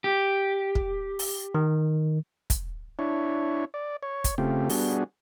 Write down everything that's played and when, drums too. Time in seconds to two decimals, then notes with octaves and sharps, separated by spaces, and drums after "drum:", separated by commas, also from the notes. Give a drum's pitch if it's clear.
0.04 G4
0.75 drum: kick
1.19 drum: open hi-hat
1.55 D#3
2.50 drum: kick, hi-hat
2.99 D4 E4 C#5
3.74 D5
4.03 C#5
4.24 drum: kick, hi-hat
4.38 C#3 A3 C4 F4 G4
4.69 G3 B3 D4 F#4 G#4, drum: open hi-hat